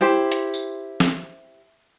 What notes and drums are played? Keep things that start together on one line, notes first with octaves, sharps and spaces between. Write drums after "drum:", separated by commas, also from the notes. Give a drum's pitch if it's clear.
E4 G4 C5
drum: hi-hat
drum: tambourine
drum: snare